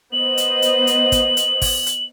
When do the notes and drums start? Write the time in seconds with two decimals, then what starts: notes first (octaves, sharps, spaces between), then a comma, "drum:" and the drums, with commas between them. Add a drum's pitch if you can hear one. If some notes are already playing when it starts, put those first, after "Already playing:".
0.13 B3 C5 D#5 F#7
0.37 drum: hi-hat
0.62 drum: hi-hat
0.87 drum: hi-hat
1.12 drum: kick, hi-hat
1.37 drum: hi-hat
1.62 drum: kick, open hi-hat
1.86 drum: hi-hat